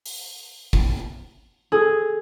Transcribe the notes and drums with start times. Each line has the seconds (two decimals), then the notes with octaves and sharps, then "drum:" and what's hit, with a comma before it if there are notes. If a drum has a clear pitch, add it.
0.06 drum: open hi-hat
0.73 drum: kick
1.72 G#4 A4